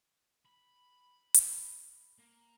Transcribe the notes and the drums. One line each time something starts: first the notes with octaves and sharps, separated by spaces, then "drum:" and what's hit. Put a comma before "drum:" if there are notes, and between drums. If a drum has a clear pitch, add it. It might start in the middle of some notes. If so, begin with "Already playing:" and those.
B5
drum: hi-hat
A#3